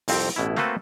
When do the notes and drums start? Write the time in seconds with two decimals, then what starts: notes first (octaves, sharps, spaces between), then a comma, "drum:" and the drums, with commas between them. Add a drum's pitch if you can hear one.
0.08 C2 F2 C4, drum: open hi-hat
0.36 A1 B2 E4
0.56 A3 A#3 C4 F#4 A4 B4, drum: snare